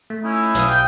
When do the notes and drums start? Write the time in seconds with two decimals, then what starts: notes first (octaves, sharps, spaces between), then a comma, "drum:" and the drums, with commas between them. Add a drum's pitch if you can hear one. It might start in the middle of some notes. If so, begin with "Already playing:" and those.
0.10 A3
0.24 C#4 D#4 E4
0.55 B1 F5 D#6, drum: hi-hat
0.68 G5